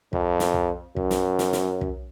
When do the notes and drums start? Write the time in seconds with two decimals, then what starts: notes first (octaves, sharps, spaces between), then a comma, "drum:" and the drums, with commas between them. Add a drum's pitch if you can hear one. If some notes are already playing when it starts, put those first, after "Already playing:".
0.13 F2, drum: kick
0.40 drum: snare
0.54 drum: kick
0.96 F#2, drum: kick
1.11 drum: snare
1.39 drum: snare
1.53 drum: snare
1.81 drum: kick